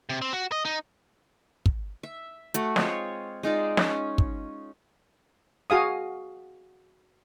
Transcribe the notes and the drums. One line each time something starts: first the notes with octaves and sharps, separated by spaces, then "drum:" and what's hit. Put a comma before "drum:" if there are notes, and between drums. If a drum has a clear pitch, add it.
C3
C4
F#4
D#5
D#4
drum: kick
E5
A3 F#4, drum: hi-hat
G#3 C4 F4 C#5, drum: snare
G#3 D#4 F4 D5
C#4, drum: snare
drum: kick
F#4 G#4 F5 D#6